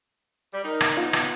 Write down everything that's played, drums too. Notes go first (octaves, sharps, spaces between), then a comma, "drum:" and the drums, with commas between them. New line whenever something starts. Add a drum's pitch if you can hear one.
G3
D#4 A#4
drum: rim click
B3 F4
drum: rim click